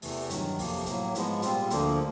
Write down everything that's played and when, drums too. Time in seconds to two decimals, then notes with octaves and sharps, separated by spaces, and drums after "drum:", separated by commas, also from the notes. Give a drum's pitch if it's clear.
0.02 E2 C3 E3 A3, drum: open hi-hat
0.30 G2 D#3 F#3, drum: hi-hat
0.59 F2 C3 F3 A#3, drum: kick, open hi-hat
0.86 A2 F#3 A#3, drum: hi-hat
1.15 G#2 F3 G#3 B3, drum: hi-hat
1.42 A#2 G3 C4 F4, drum: hi-hat
1.70 D2 D3 F3 A#3, drum: hi-hat